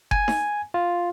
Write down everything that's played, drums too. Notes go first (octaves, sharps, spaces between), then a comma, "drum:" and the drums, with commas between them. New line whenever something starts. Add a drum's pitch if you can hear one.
G#5, drum: kick F#1
drum: snare D#4
F4